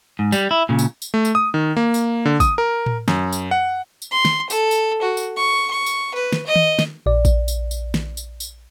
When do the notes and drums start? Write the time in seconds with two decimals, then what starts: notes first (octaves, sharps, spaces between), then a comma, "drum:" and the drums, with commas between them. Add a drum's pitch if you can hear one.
0.19 G#2
0.32 G3, drum: tambourine
0.51 E4
0.69 A#2 C#3
0.79 drum: tambourine
1.02 drum: tambourine
1.14 A3
1.25 drum: tambourine
1.35 D#6
1.54 D#3
1.77 A#3
1.94 drum: tambourine
2.25 D3
2.40 D#6, drum: kick, tambourine
2.58 A#4
2.86 drum: tom A2
3.08 F#2, drum: snare
3.32 drum: tambourine
3.51 F#5
4.02 drum: tambourine
4.11 C6
4.25 drum: snare
4.50 A4, drum: tambourine
4.71 drum: tambourine
5.02 F#4
5.17 drum: tambourine
5.37 C#6
5.71 C#6
5.86 drum: tambourine
6.15 B4
6.33 drum: snare
6.47 D#5
6.56 drum: tom D#3
6.79 drum: snare
7.06 A#1 D5
7.25 drum: kick, tambourine
7.48 drum: tambourine
7.71 drum: tambourine
7.94 drum: snare
8.17 drum: tambourine
8.40 drum: tambourine